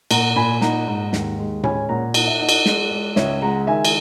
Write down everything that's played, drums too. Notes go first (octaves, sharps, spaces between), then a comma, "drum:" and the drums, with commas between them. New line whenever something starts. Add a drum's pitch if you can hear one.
A#2 F#5 A#5, drum: cymbal
A#2 G#5 B5
D#4 F#5 A#5, drum: snare
G#2
D#2, drum: snare
G#3
C#4 G#5 B5, drum: tom A2
A#2 F#5 A#5
D#4 F#5, drum: cymbal
E5
D#4 D#5 F#5
drum: cymbal
G#3, drum: snare
G#3
C#2 C#5 E5, drum: snare
G#3 F#5 A#5
D#3 E5 G#5
drum: cymbal